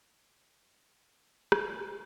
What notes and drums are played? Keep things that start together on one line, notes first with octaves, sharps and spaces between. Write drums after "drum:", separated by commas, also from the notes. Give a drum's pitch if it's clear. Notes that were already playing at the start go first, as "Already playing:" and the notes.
C4 F#4 G5
drum: rim click